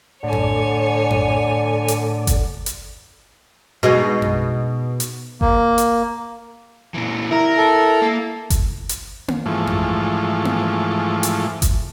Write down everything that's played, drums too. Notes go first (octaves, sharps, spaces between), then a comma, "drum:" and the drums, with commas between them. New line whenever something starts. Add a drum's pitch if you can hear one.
A2 D3 A4 C#5 D5 G#5
drum: tom F2
drum: tom F2
drum: hi-hat
drum: kick G1, hi-hat
drum: hi-hat
B2 G#3 D#4
drum: tom F2
drum: hi-hat
A#3, drum: kick G1
drum: hi-hat
A#2 E3
E4 A#4 A#5
A4
A#3
drum: kick G1, hi-hat
drum: hi-hat
drum: tom A#3
G#2 E3 F3 A3
drum: tom F2
drum: tom A#3
drum: hi-hat
drum: kick G1, hi-hat